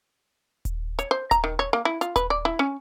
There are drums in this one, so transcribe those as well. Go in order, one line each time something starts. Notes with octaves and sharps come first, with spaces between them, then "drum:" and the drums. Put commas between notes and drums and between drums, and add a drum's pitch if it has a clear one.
drum: kick D#1, hi-hat
C#5, drum: hi-hat
C5
A#5, drum: kick D#1, hi-hat
D#3
C#5
A#3
E4
F4, drum: hi-hat
B4, drum: kick D#1, hi-hat
D5
E4
C#4